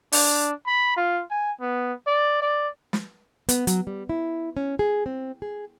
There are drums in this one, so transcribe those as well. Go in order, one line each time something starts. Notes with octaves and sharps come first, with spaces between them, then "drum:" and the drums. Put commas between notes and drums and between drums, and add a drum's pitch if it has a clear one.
D4, drum: open hi-hat
B5
F4
G#5
B3
D5
D5
drum: snare
B3, drum: hi-hat
F#3, drum: hi-hat
G3
E4
C#4
G#4
C4
G#4